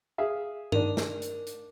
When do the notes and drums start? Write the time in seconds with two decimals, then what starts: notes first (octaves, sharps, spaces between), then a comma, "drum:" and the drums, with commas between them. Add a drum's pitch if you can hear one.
0.18 G#4 E5 F5
0.72 D#3 D4 A#4, drum: tom G2
0.97 drum: snare
1.22 drum: hi-hat
1.47 drum: hi-hat